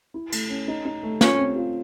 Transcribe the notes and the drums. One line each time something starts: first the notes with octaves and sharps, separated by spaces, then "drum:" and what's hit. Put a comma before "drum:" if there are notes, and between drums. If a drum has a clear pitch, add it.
E4
A3, drum: cymbal
C#4
D#4
D#4
A3
C#4 F4, drum: snare
C4
F4